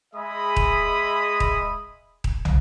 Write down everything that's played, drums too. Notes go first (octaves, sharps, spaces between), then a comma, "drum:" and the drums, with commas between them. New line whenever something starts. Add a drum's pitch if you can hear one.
G#3 G#4 D#5 E5 B5 D#6
drum: kick D#1
drum: kick D#1
drum: kick D#1
drum: tom